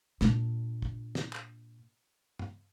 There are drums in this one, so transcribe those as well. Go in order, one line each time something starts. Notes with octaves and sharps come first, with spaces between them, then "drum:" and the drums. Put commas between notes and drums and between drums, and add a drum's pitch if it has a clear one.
A#2 D4, drum: snare
drum: kick
drum: snare
drum: clap
drum: tom G2